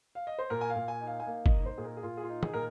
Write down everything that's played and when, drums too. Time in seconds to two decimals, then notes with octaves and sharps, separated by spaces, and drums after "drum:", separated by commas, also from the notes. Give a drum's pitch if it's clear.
0.15 F5
0.27 D#5
0.38 C5
0.50 A#2 A#4
0.61 G#5
0.70 F5
0.76 A#2
0.88 G#5
1.01 D#4
1.07 F5
1.20 G#5
1.27 A#3 F5
1.46 D#5, drum: kick
1.53 D#4
1.66 C5
1.78 A#2 G#4
1.84 A#4
1.97 G#4
2.03 A#2 F4
2.17 G#4
2.23 F4
2.29 D#4
2.43 G#4, drum: tom
2.54 A#2 A#4